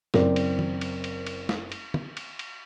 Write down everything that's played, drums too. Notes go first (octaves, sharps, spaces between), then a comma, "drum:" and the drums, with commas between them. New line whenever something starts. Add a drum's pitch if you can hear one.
F#1 C4 A#4 D5, drum: snare
drum: cymbal
drum: tom
drum: cymbal
drum: cymbal
drum: cymbal
drum: snare
drum: cymbal
drum: tom
drum: cymbal
drum: cymbal